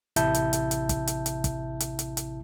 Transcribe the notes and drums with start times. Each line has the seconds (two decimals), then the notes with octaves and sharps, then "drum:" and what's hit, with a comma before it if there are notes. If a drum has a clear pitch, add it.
0.16 A1 C3 E4 E5 A5 G6, drum: hi-hat
0.34 drum: hi-hat
0.53 drum: hi-hat
0.71 drum: hi-hat
0.89 drum: kick, hi-hat
1.07 drum: hi-hat
1.26 drum: hi-hat
1.44 drum: kick, hi-hat
1.80 drum: hi-hat
1.99 drum: hi-hat
2.17 drum: hi-hat